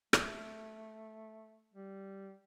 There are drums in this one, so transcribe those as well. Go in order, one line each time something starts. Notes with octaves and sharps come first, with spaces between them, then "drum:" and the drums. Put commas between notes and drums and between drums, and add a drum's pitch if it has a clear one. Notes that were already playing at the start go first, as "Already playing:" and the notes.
A3, drum: rim click
G3